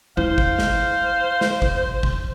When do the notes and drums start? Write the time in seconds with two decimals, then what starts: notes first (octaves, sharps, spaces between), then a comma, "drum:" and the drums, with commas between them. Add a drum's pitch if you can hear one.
0.17 E4 C5 F5
0.38 drum: kick G1
0.59 drum: snare
1.41 drum: snare
1.62 drum: kick G1
2.03 drum: kick G1